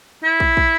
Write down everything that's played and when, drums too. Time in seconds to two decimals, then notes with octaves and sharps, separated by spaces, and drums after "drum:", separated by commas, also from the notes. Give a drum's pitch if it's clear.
0.24 E4
0.40 drum: kick
0.57 drum: kick